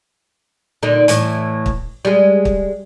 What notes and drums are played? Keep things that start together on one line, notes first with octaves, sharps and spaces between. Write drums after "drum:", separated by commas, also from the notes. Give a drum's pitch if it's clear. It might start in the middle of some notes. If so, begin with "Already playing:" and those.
A#2 D3 D#4
A2 E3, drum: hi-hat
drum: kick
G3 G#3
drum: kick